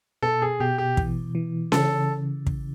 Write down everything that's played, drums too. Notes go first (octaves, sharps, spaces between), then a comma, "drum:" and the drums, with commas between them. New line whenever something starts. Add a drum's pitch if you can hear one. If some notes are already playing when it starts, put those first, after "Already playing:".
B2 A4
G#4
B2 G4
G4
E3, drum: kick
E3
C#3 A4, drum: snare C#4
drum: kick